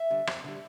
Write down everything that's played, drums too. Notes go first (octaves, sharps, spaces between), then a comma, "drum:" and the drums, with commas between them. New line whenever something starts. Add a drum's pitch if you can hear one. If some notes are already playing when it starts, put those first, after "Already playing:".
Already playing: E5
D3 G3
F2, drum: rim click
D3 G3